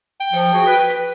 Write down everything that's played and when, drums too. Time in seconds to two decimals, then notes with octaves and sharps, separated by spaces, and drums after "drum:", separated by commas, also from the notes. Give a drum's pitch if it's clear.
0.21 G5
0.33 F3, drum: open hi-hat
0.53 F#4 G#4
0.66 B4
0.75 drum: hi-hat
0.90 drum: hi-hat